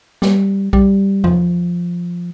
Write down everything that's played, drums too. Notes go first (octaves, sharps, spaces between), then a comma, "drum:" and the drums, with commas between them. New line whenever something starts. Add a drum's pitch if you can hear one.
G3, drum: snare
G3, drum: kick
F3, drum: tom E2